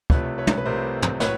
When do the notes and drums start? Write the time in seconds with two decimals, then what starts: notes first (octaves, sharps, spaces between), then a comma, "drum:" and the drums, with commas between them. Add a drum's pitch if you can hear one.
0.10 C2 C3 F3 A3 B4 C#5, drum: kick
0.38 B4 C#5
0.47 drum: tom
0.58 B4
0.65 C2 C3 F3 A3 A#4 C5
1.02 drum: tom
1.20 A2 F#3 B4 C#5, drum: snare